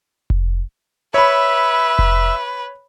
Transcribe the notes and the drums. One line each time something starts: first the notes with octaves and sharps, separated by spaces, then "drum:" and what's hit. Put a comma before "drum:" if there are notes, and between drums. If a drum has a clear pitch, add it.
drum: kick F1
B4 C#5 E5 B5
drum: kick F1